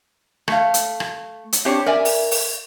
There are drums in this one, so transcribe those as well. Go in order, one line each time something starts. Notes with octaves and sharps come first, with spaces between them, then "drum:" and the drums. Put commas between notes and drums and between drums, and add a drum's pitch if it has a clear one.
A3 F5, drum: rim click
drum: hi-hat
drum: rim click
drum: hi-hat
C4 D4 G4 C5 C#5
A#4 D5 E5 G#5
drum: open hi-hat
drum: open hi-hat